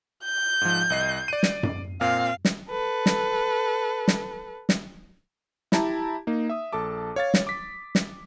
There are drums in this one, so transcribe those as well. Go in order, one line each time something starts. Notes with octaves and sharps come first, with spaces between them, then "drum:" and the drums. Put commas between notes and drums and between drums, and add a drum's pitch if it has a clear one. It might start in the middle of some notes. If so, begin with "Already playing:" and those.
G6
G#2 F3
C2 D#5 C7
D5 D#7
drum: snare
drum: tom F#2
A#2 C4 F5 F6
drum: snare
A4 B4
drum: snare
drum: snare
drum: snare
E4 G4 A5 A#5, drum: snare
A#3 D#4
E5 D#6
A#1 A4 A5 D6
C#5 F5 A6
drum: snare
D6 B6
drum: snare